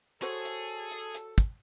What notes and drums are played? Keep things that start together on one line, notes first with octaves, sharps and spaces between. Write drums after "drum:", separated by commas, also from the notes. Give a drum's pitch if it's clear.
F#4 G#4 A4 C5 C#5, drum: hi-hat
drum: hi-hat
drum: hi-hat
drum: hi-hat
drum: kick, hi-hat